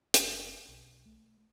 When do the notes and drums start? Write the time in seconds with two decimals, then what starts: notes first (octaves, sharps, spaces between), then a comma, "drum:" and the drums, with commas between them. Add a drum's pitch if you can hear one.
0.14 F#1, drum: hi-hat
0.68 B1
1.06 A3